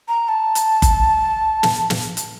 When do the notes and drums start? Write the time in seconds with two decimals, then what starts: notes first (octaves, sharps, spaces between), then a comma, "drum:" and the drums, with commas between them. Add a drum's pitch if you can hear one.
0.08 A#5
0.28 A5
0.55 drum: hi-hat
0.82 drum: kick F#1, hi-hat
1.63 drum: snare
1.90 drum: snare
2.17 drum: hi-hat